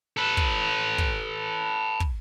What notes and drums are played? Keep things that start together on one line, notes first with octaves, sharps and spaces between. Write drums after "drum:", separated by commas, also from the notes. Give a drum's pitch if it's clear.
A4 B4
drum: kick
drum: kick
drum: kick